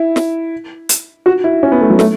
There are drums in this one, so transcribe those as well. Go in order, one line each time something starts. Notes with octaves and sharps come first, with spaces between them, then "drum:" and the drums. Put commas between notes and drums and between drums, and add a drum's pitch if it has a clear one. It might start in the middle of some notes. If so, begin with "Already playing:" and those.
Already playing: E4
drum: snare
drum: hi-hat
F#4
E4
C#4
B3
A3
F#3
A3, drum: snare